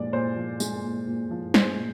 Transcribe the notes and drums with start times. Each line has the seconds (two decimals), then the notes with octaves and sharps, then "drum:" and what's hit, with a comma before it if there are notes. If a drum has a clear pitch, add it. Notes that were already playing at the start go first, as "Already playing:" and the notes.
Already playing: A#2 F3 G#3 D5
0.13 A#2 C5
0.36 F3
0.60 G#3, drum: tambourine
0.83 A#2
1.07 A#2
1.31 F3
1.54 G#3 C5, drum: snare
1.78 A#2